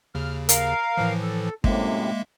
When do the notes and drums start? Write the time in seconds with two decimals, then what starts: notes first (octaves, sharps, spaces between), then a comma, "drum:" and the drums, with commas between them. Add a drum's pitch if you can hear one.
0.15 D#2 C#3 F6
0.49 A#4 F5, drum: hi-hat
0.97 A2 E3 F3
1.22 A4
1.64 F#2 A2 C3 G#3 A#3 E5, drum: kick